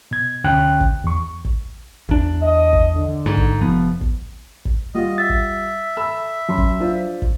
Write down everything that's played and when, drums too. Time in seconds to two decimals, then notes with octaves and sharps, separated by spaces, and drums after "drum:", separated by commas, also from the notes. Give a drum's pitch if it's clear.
0.11 B2 G#6
0.44 D2 D3 C#4 G5 F#6
0.81 drum: kick
1.04 E2 C#6
1.45 drum: kick
2.09 E2 D4, drum: kick
2.42 D#5
2.73 drum: kick
2.96 D3
3.26 G#2
3.37 drum: kick
3.61 F1 F3 B3
4.01 drum: kick
4.65 drum: kick
4.95 G3 F4 F#4 D#5
5.18 E5 A6
5.29 drum: kick
5.97 A4 B5 E6
6.49 F#2 F#3 B5 C6
6.58 drum: kick
6.80 D4 F4 C5
7.22 drum: kick